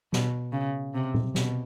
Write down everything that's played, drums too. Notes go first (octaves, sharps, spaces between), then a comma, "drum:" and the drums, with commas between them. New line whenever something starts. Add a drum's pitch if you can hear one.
B2, drum: snare
C#3
C3
drum: tom A#2
B2, drum: snare